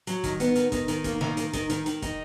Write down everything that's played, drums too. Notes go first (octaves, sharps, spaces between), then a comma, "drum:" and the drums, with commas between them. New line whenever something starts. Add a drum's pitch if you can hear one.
F#3, drum: hi-hat
D#3, drum: kick, hi-hat
B3, drum: hi-hat
D#3, drum: hi-hat
D#3, drum: kick, hi-hat
D#3, drum: hi-hat
A#3, drum: kick, hi-hat
D#3, drum: snare
D#3, drum: hi-hat
D#3, drum: kick, hi-hat
D#3, drum: hi-hat
D#3, drum: hi-hat
D#4, drum: kick, hi-hat